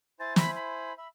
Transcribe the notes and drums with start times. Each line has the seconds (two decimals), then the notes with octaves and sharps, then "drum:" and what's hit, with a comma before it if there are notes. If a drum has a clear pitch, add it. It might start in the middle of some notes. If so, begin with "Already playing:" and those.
0.20 E4 C5 G#5 A6
0.36 B5, drum: snare
0.56 B5
0.98 E5 B5